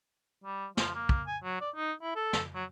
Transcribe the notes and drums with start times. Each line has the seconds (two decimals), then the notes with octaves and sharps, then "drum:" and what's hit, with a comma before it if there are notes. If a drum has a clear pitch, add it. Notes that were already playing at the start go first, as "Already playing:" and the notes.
0.44 G3
0.77 F3, drum: snare
0.95 A#3
1.09 drum: kick
1.27 G#5
1.43 F#3
1.61 D5
1.76 D#4
2.02 E4
2.16 A4
2.33 drum: snare
2.55 F#3